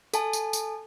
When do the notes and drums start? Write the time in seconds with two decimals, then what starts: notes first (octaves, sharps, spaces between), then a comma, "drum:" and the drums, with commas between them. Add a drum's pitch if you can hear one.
0.14 A4 G#5 A5, drum: tambourine
0.33 drum: tambourine
0.53 drum: tambourine